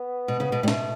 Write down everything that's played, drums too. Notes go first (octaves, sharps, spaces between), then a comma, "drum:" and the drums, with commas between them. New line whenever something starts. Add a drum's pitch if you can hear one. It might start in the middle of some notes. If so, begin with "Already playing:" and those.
Already playing: B3
B2
C#3
B2
A2 G3
B2 A3, drum: snare